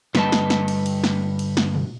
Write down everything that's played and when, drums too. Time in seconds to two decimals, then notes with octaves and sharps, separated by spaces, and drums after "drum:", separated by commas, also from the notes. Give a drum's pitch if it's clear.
0.15 G2 D3 G3 B4 D#5 A5, drum: snare
0.32 drum: snare
0.50 drum: snare
0.68 drum: cymbal
0.86 drum: cymbal
1.04 drum: snare
1.39 drum: cymbal
1.57 drum: snare
1.75 drum: tom A#2